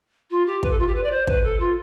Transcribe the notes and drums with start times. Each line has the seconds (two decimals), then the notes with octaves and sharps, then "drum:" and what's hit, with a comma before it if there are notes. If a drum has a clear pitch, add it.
0.31 F4
0.46 G4
0.63 B4, drum: kick
0.70 A4
0.79 F4
0.87 G4
0.95 B4
1.03 D5
1.11 C5
1.27 B4, drum: kick
1.43 A4
1.60 F4